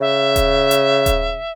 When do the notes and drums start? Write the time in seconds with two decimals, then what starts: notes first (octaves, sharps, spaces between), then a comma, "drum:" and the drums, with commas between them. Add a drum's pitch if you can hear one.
0.01 C#3 E5
0.36 drum: kick D#1, hi-hat
0.71 drum: hi-hat
1.06 drum: kick D#1, hi-hat